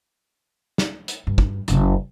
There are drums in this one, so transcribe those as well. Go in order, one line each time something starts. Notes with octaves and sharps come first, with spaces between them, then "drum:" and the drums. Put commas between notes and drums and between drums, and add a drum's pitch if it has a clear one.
drum: snare
drum: hi-hat
G2
drum: kick
F#1 C#3, drum: hi-hat